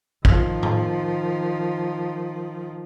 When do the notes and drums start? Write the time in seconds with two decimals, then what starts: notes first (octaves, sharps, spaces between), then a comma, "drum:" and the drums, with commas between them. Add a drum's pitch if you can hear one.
0.25 D#3 F3, drum: kick
0.63 drum: tom A2